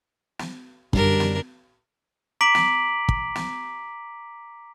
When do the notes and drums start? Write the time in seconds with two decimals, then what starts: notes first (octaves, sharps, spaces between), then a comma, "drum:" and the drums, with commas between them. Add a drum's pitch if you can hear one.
0.39 drum: snare
0.93 F#2 D3 G3 D4 A#4, drum: kick
1.20 drum: snare
2.41 A#5 D6 B6 D7 F#7
2.55 drum: snare
3.09 drum: kick
3.35 drum: snare